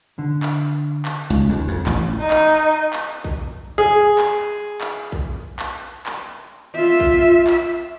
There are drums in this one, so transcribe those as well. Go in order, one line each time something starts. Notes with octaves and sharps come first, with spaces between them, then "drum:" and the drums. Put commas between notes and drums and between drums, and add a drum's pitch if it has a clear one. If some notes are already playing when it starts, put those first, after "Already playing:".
D3
drum: clap
drum: clap
C#2
D#2
F2
A1, drum: clap
D#4
drum: clap
drum: clap
drum: kick A#1
G#4
drum: clap
drum: clap
drum: kick A#1
drum: clap
drum: clap
F4 E5
drum: kick A#1
drum: clap